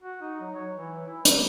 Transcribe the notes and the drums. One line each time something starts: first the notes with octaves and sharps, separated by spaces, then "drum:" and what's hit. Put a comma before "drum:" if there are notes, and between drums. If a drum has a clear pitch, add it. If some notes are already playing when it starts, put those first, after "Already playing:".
F#4
D#4
F#3
C#5
E3
E4
F#3, drum: hi-hat